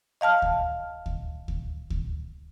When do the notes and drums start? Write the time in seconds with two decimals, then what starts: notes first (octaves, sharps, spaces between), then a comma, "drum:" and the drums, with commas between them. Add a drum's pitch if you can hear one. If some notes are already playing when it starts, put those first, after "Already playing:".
0.21 D#5 F5 A5 F6
0.42 drum: kick D2
1.06 drum: kick D2
1.48 drum: kick D2
1.90 drum: kick D2